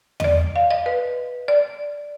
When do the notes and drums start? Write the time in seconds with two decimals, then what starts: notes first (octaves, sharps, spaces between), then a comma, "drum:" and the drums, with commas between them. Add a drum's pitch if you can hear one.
0.20 D#5, drum: tom E2
0.24 D5
0.56 F5
0.71 D#5
0.86 B4
1.48 D5